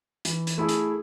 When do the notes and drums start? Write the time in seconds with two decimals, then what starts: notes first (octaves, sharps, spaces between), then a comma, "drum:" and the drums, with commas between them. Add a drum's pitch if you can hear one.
0.25 E3, drum: hi-hat
0.47 drum: hi-hat
0.58 A3 E4 G#4
0.69 drum: hi-hat